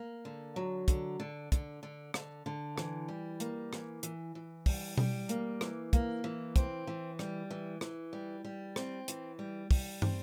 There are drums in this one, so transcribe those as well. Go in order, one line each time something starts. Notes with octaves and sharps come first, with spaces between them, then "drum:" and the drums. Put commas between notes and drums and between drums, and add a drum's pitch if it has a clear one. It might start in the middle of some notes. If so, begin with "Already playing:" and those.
Already playing: A#3
D3
F#3
D3, drum: kick, hi-hat
D3
D3, drum: kick, hi-hat
D3
D3, drum: rim click
D3
E3, drum: rim click
G3
A#3, drum: hi-hat
E3, drum: rim click
E3, drum: hi-hat
E3
G3, drum: kick, open hi-hat
G3, drum: tom B2
A#3, drum: hi-hat
E3, drum: rim click
A#3, drum: kick, hi-hat
E3
C4, drum: kick, hi-hat
E3
G3, drum: rim click
E3
E3, drum: rim click
G3
G3
C4, drum: rim click
E3, drum: hi-hat
G3
G3, drum: kick, open hi-hat
C4, drum: tom